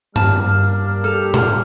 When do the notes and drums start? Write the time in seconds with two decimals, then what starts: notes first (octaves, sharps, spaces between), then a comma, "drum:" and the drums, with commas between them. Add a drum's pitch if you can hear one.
0.16 G3 A#3 D4 A5 F6, drum: tom G2
1.04 G4 A4 F6
1.34 drum: tom